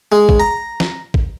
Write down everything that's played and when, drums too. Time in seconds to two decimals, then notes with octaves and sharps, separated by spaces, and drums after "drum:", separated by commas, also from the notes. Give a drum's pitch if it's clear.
0.12 G#3
0.29 drum: kick A1
0.40 A#5
0.80 drum: snare
1.14 drum: kick A1